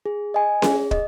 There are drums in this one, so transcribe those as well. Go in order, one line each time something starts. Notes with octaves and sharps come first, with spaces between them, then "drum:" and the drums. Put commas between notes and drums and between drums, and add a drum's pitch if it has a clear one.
G#4
D#5 G#5
G#4, drum: snare C#4
D#5, drum: kick